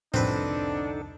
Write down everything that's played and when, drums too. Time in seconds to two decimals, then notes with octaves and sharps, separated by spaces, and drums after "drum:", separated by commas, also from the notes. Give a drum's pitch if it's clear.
0.14 C2 F2 D3 C4 D4 D#4 A4 B4, drum: tom A2